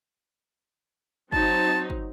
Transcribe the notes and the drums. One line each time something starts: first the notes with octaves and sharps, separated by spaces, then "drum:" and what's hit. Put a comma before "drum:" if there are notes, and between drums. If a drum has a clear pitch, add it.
F#3 C4 D#4 A5, drum: kick
drum: kick